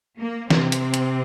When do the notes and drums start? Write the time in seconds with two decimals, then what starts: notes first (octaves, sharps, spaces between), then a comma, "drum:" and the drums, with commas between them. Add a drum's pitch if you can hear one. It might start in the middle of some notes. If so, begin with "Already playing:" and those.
0.18 A#3
0.50 C3 C4, drum: snare
0.72 drum: hi-hat
0.94 drum: hi-hat